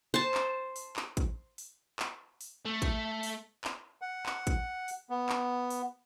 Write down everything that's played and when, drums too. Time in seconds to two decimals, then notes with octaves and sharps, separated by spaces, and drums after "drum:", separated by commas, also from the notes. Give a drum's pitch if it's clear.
0.14 C5 A5
0.34 drum: clap
0.76 drum: open hi-hat
0.96 drum: clap
1.17 drum: kick, hi-hat
1.58 drum: open hi-hat
1.99 drum: clap
2.41 drum: open hi-hat
2.65 A3
2.82 drum: kick, hi-hat
3.23 drum: open hi-hat
3.64 drum: clap
4.02 F#5
4.26 drum: clap
4.47 drum: kick, hi-hat
4.88 drum: open hi-hat
5.10 B3
5.29 drum: clap
5.70 drum: open hi-hat